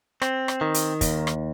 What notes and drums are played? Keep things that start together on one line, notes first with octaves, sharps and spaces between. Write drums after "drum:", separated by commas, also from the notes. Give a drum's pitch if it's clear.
C4, drum: rim click
drum: rim click
D#3
drum: hi-hat
D#2, drum: kick, hi-hat
drum: rim click